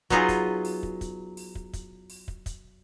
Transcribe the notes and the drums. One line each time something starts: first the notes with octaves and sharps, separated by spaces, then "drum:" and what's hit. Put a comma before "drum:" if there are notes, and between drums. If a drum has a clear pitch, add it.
F#3 B3 D#4 F4 G#4, drum: kick
drum: kick, hi-hat
drum: open hi-hat
drum: kick
drum: kick, hi-hat
drum: open hi-hat
drum: kick
drum: kick, hi-hat
drum: open hi-hat
drum: kick
drum: kick, hi-hat